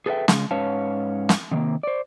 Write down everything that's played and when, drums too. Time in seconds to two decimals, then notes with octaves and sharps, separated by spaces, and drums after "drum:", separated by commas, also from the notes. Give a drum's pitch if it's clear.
0.06 G#4 A4 B4 C#5 E5 G5
0.28 C#3 G#3, drum: snare
0.51 G#2 C#4 B4 C#5 F5 A5
1.29 drum: snare
1.51 C3 D#3 A3 A#3
1.83 C5 D5